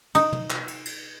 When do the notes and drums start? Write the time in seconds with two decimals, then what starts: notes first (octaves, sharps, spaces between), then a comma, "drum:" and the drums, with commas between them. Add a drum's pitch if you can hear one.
0.15 D#4, drum: cymbal
0.33 drum: tom
0.50 drum: clap
0.68 drum: cymbal
0.85 drum: cymbal